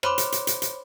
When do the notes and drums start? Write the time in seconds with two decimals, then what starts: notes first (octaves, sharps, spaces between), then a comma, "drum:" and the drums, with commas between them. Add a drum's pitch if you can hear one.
0.03 C5 C#5 B5 C6 D6, drum: rim click
0.18 drum: hi-hat
0.32 drum: hi-hat
0.47 drum: hi-hat
0.62 drum: hi-hat